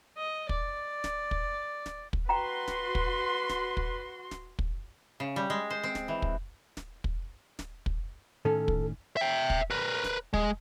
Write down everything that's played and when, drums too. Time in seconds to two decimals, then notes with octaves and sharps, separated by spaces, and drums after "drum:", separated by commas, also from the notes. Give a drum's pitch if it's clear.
0.18 D#5
0.49 D5, drum: kick
1.04 drum: snare
1.31 drum: kick
1.86 drum: snare
2.13 drum: kick
2.29 F#4 B4 G5 A#5 C6
2.68 drum: snare
2.95 drum: kick
3.49 drum: snare
3.77 drum: kick
4.31 drum: snare
4.59 drum: kick
5.20 C#3
5.36 G3
5.50 G#3
5.70 C5
5.83 C4
5.95 drum: snare
6.08 E3
6.22 drum: kick
6.77 drum: snare
7.04 drum: kick
7.59 drum: snare
7.86 drum: kick
8.45 A2 D#3 C#4 A4
8.68 drum: kick
9.17 E5 G5
9.50 drum: kick
9.71 A#4 B4
10.04 drum: snare
10.34 G#3, drum: kick